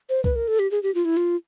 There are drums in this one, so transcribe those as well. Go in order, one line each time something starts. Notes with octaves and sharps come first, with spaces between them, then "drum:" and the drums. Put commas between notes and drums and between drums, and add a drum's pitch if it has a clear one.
C5
B4, drum: kick C2
A#4
A4
G4
G#4
G4
F4
E4
F4